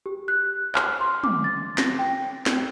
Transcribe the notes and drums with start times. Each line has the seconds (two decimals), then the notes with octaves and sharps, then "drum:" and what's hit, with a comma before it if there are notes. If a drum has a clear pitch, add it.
0.06 G4
0.28 F#6
0.75 F6, drum: clap
1.01 C6
1.23 D6, drum: tom
1.44 A6
1.78 A#6, drum: snare
1.99 G5
2.46 drum: snare